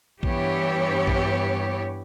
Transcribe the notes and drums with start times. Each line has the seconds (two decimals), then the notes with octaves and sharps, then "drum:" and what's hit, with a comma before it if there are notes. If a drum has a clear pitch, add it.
0.23 G2 E3 B3 G4 C#5, drum: kick A#1
1.07 drum: kick A#1